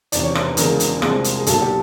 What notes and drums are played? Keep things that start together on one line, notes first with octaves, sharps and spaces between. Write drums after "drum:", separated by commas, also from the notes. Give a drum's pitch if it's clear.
E1 E2 C3 D#3 D5, drum: hi-hat
C#5
C5, drum: rim click
B4
E1 E2 C#3 F3 G#3 A#4, drum: hi-hat
drum: hi-hat
C2 C3 F3 G#3, drum: rim click
drum: hi-hat
G#4
B1 A#2 F#3 A4, drum: hi-hat
G4